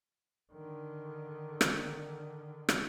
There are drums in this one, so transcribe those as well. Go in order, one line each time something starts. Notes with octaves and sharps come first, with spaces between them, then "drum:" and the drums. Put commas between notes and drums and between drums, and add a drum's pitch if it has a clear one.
D3 D#3
drum: rim click
drum: rim click